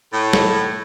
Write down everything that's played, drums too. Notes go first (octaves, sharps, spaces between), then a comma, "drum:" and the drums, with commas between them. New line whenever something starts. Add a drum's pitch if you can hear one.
A2
drum: snare